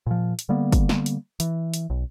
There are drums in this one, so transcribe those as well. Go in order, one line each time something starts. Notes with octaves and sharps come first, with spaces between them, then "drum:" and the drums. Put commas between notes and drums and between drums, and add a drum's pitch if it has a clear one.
A#2 F3
drum: hi-hat
D3 G3 A#3 B3
drum: kick, hi-hat
drum: snare
drum: hi-hat
E3, drum: hi-hat
drum: hi-hat
B1